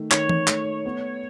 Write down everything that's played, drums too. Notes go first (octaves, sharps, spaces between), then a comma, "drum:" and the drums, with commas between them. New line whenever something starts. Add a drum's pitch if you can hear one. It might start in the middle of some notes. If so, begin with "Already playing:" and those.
Already playing: D#3 A3
D#3 C#5, drum: clap
drum: tom E3
A3, drum: clap
B3